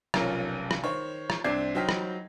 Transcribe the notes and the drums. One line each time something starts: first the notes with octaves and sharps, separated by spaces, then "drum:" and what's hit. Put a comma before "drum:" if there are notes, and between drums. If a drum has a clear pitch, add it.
F1 B1 F2 C#4 A#4, drum: rim click
drum: rim click
D#3 C5 C#5
drum: rim click
C2 C4 D4 D6 G#6 C7
F#3 D#4 C5 G5 F6 B6
drum: rim click